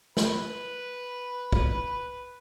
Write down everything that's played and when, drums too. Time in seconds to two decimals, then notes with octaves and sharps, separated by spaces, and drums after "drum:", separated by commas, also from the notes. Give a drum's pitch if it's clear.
0.17 B4 B5, drum: snare
1.52 drum: kick